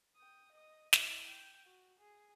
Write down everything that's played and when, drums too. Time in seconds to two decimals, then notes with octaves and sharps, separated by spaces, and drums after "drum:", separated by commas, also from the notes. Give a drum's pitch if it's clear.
0.16 G5 D#6
0.52 D#5 D#6
0.93 E4 D#5, drum: snare
1.27 G5
1.65 F#4
1.99 G#4